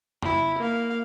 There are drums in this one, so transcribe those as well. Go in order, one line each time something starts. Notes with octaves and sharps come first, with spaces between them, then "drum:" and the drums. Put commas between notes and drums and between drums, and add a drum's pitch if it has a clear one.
E4, drum: tom
A#3 F5